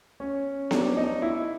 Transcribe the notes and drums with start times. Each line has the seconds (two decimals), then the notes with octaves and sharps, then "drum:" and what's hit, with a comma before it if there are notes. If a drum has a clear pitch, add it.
0.20 C#4
0.71 D4, drum: snare B3
0.97 D#4
1.22 E4